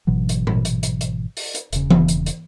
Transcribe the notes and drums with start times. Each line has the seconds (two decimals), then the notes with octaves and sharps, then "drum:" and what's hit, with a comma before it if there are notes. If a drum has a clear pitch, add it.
0.07 G#1 B2 E3 F#3
0.29 drum: hi-hat
0.47 drum: tom A#2
0.65 drum: hi-hat
0.83 drum: hi-hat
1.01 drum: hi-hat
1.37 drum: open hi-hat
1.55 drum: hi-hat
1.73 E1 C#3, drum: hi-hat
1.90 drum: tom E3
2.08 drum: hi-hat
2.26 drum: hi-hat